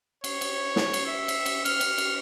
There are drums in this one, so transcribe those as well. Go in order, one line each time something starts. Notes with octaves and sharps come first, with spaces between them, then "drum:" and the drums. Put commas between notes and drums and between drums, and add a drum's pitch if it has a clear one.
C#5, drum: cymbal
drum: cymbal
drum: snare
drum: cymbal
E5
drum: cymbal
drum: cymbal
F6, drum: cymbal
drum: cymbal
drum: cymbal